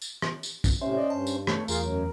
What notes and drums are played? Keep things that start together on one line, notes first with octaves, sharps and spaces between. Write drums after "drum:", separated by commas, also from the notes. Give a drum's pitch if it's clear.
drum: tambourine
drum: rim click
drum: tambourine
drum: kick, tambourine
A2 C3 C#4 C5 E5
D5 D#5
G2 A5
drum: tambourine
A3 A4 C#5, drum: rim click
E2 F4 G#4 A#4 F5, drum: tambourine
F#2 F#3